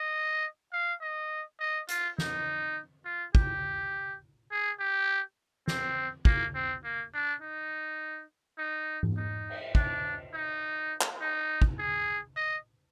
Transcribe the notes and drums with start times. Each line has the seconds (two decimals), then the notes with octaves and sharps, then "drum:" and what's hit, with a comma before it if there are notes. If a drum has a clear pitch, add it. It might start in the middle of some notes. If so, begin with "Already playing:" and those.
Already playing: D#5
0.73 F5
1.01 D#5
1.60 D#5
1.89 F4, drum: hi-hat
2.18 D#4, drum: snare
3.05 F4
3.35 G4, drum: kick
4.51 G#4
4.80 G4
5.68 C4, drum: snare
6.25 A#3, drum: kick
6.55 C4
6.84 A#3
7.13 D4
7.42 D#4
8.58 D#4
9.03 drum: tom G#2
9.17 D#4
9.50 drum: cymbal
9.75 D4, drum: kick
10.34 D#4
11.01 drum: clap
11.20 D#4
11.62 drum: kick
11.79 G#4
12.36 D#5